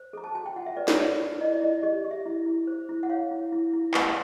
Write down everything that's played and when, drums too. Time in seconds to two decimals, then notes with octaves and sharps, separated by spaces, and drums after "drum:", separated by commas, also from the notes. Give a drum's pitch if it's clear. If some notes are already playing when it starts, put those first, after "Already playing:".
Already playing: C5
0.13 A4 A#5
0.24 A5
0.35 F#4 G#5
0.46 G5
0.56 F4 F#5
0.66 E5
0.77 B4 D5
0.88 C#5, drum: snare
0.98 F4 D5
1.19 B4
1.41 E4 D#5
1.52 D5
1.62 E4 D#5
1.82 G4 D#5
2.04 G4
2.11 E5
2.26 E4
2.46 E4
2.67 C5
2.89 E4
3.03 F#5
3.10 C#5 F5
3.31 E4
3.52 E4
3.73 E4
3.94 B4, drum: clap